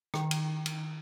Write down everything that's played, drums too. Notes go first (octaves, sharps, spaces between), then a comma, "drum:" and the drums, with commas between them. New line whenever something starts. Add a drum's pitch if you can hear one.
D#3, drum: rim click
drum: cymbal
drum: cymbal